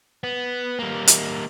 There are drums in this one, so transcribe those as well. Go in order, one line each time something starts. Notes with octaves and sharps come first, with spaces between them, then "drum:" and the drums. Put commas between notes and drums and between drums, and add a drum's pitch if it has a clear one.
B3
G3 A#3
drum: hi-hat